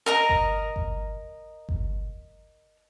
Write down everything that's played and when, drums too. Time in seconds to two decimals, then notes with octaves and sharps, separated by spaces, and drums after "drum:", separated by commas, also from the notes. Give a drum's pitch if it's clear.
0.06 A#4 D#5 A#5
0.29 drum: kick G1
0.76 drum: kick G1
1.69 drum: kick G1